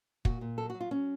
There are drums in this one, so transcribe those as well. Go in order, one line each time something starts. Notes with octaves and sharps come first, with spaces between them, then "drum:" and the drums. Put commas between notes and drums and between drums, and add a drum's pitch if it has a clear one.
A#2 F#4, drum: kick
A#2
F#3 A4
F#4
F#3
F4
F#3 C#4